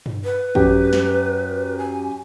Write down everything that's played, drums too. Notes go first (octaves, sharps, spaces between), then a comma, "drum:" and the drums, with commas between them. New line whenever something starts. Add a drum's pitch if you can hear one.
drum: tom G2
B4
F#2 G4, drum: kick
drum: snare
G#5